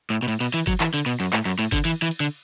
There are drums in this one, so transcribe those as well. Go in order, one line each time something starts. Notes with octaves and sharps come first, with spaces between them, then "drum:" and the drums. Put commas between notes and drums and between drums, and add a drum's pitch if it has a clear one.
A2
B2
A2, drum: cymbal
B2, drum: cymbal
E3, drum: cymbal
F#3, drum: kick G1
E3, drum: clap
D3, drum: cymbal
B2, drum: cymbal
F#2, drum: cymbal
A2, drum: clap
F#2, drum: cymbal
A2, drum: cymbal
D3, drum: kick G1, cymbal
E3, drum: cymbal
E3
drum: cymbal
D3